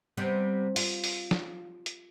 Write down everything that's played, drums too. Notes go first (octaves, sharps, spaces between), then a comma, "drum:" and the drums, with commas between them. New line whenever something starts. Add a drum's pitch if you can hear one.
C3 G3 B3
F4, drum: open hi-hat
drum: open hi-hat
drum: snare
drum: hi-hat